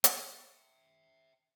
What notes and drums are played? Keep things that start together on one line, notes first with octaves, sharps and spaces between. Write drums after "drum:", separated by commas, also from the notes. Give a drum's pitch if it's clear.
E5 G5, drum: hi-hat